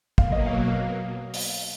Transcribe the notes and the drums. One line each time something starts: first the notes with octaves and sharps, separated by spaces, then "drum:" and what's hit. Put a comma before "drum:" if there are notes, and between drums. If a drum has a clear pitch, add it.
B2 F#3 A#3 F5, drum: kick
D#5
F5
drum: open hi-hat